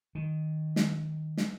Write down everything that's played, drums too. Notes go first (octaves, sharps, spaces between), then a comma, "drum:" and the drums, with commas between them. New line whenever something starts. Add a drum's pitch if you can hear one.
D#3
drum: snare
drum: snare